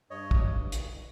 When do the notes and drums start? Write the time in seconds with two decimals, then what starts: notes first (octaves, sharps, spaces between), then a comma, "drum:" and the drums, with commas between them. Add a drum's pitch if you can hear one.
0.10 G2 C#5 D#5
0.31 drum: kick
0.72 drum: hi-hat